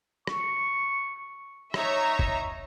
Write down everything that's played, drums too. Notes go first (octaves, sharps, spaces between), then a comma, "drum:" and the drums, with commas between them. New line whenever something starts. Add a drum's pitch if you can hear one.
C#6, drum: rim click
D#4 C#5 E5 A#5, drum: rim click
drum: kick F#1